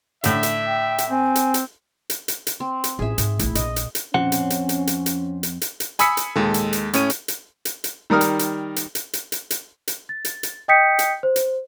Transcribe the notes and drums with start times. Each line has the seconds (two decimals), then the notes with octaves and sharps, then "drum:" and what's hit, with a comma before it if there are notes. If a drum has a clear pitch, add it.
0.24 A2 D3 E5, drum: hi-hat
0.43 drum: hi-hat
0.67 G5
0.98 drum: hi-hat
1.10 C4 G#5
1.35 drum: hi-hat
1.54 drum: hi-hat
2.10 drum: hi-hat
2.28 drum: hi-hat
2.47 drum: hi-hat
2.60 C4
2.84 drum: hi-hat
2.99 A1 F4 G#4 E5
3.18 G#2, drum: hi-hat
3.39 A#1 A3 E4, drum: hi-hat
3.55 A#1 D#5, drum: hi-hat
3.76 drum: hi-hat
3.95 drum: hi-hat
4.14 F2 C4 C#4 F#5, drum: tom A#2
4.32 drum: hi-hat
4.50 drum: hi-hat
4.69 drum: hi-hat
4.87 drum: hi-hat
5.06 drum: hi-hat
5.43 drum: hi-hat
5.61 drum: hi-hat
5.80 drum: hi-hat
5.99 G#5 B5 D#6 E6 B6 C#7, drum: hi-hat
6.17 drum: hi-hat
6.36 D#2 G#3 A4, drum: tom A#2
6.54 drum: hi-hat
6.73 drum: hi-hat
6.93 A2 C#4 C#5 D#7, drum: hi-hat
7.10 drum: hi-hat
7.28 drum: hi-hat
7.65 drum: hi-hat
7.84 drum: hi-hat
8.10 D#3 G3 A#4 D#6 F6
8.21 drum: hi-hat
8.39 drum: hi-hat
8.76 drum: hi-hat
8.95 drum: hi-hat
9.13 drum: hi-hat
9.32 drum: hi-hat
9.50 drum: hi-hat
9.88 drum: hi-hat
10.09 A6
10.25 drum: hi-hat
10.43 drum: hi-hat
10.68 D#5 G5 D#6 G6 B6 C#7
10.99 drum: hi-hat
11.23 C5
11.36 drum: hi-hat